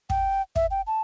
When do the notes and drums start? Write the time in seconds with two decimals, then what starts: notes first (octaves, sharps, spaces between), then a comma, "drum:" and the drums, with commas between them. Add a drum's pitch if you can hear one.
0.10 G5, drum: kick
0.56 E5, drum: kick
0.71 G5
0.87 A5